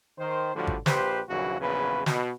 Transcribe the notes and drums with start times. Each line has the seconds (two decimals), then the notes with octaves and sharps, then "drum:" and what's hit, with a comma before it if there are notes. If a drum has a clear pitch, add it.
0.18 D#3 C5
0.55 A2 D3 F3 G3 F4 F#4
0.67 drum: kick
0.86 A#1 G4 B4 C5, drum: snare
1.29 A#1 D#2 C#3 E3 F#3 F#4
1.60 A#1 E2 C#3 F#3 B4
2.06 B2, drum: snare